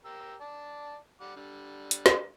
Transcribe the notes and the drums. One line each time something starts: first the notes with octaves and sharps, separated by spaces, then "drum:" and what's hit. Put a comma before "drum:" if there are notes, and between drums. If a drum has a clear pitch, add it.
G4 A#4 E6
D5 A5
G3 F#5 D6
D3 G3
drum: hi-hat
drum: snare